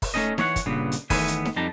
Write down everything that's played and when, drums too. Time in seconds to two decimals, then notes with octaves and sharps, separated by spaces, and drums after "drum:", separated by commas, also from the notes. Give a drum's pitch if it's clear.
0.02 drum: kick, open hi-hat
0.14 A3 A#3 C#4 D#4 D#5
0.38 E3 C#5 D#5 F#5, drum: snare D#4
0.56 drum: kick, hi-hat
0.66 G2 A#2 C#3 B3
0.92 drum: hi-hat
1.10 E2 D#3 A3 B3 E5 G#5, drum: kick, open hi-hat
1.27 drum: hi-hat
1.45 drum: snare D#4
1.56 F2 G3 D#4 A5 A#5